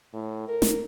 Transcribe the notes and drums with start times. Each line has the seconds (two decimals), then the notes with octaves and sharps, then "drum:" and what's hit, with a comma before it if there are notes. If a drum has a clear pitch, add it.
0.13 A2
0.49 A#4
0.62 drum: snare